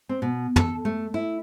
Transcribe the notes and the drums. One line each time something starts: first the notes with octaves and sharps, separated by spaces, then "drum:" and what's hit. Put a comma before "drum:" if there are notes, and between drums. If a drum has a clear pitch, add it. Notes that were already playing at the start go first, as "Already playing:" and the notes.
C4
B2
A4, drum: tom
A3
E4